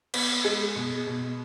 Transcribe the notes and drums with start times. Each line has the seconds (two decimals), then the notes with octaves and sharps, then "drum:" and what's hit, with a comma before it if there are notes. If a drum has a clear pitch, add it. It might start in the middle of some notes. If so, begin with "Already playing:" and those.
0.14 B3, drum: cymbal
0.45 G#3
0.76 B2
1.07 B2